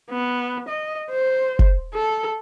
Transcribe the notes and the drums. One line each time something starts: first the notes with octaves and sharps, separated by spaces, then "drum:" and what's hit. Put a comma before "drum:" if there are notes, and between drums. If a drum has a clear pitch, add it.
B3
D#5
C5
drum: kick
A4